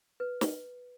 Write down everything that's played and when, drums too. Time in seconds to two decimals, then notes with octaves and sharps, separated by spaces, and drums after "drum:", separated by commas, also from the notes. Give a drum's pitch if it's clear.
0.20 B4
0.41 drum: snare